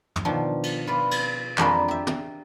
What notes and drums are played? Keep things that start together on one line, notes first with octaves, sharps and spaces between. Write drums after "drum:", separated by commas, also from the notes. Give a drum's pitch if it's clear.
drum: tom
B2 D#3 F3 D4 G5
drum: cymbal
F4 B4 D5
drum: cymbal
F2 G#3 A#3 D4 A#4 B5, drum: clap
G4 E5
drum: tom